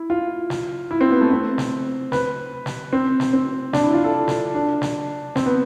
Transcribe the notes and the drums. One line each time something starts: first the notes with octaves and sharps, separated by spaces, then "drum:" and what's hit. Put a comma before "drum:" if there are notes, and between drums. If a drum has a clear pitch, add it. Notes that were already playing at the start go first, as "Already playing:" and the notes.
Already playing: E4
F4
drum: snare
E4
C4
B3
A3
C4
drum: snare
B4, drum: snare
drum: snare
C4
drum: snare
C4
D4, drum: snare
E4
F4
A4
drum: snare
D4
drum: snare
C4, drum: snare
B3